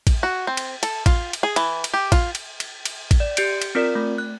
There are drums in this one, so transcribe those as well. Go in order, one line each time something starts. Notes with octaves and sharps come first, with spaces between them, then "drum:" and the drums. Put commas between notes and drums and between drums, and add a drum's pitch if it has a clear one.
drum: kick A1, cymbal
F#4
C4
drum: cymbal
A4, drum: cymbal
F4, drum: kick A1, cymbal
drum: cymbal
G#4
E3, drum: cymbal
drum: cymbal
G4
F4, drum: kick A1, cymbal
drum: cymbal
drum: cymbal
drum: cymbal
drum: kick A1, cymbal
D5
G4 G6 C#7 D7, drum: cymbal
drum: cymbal
C4 F4 A#4 D5
A3
F#6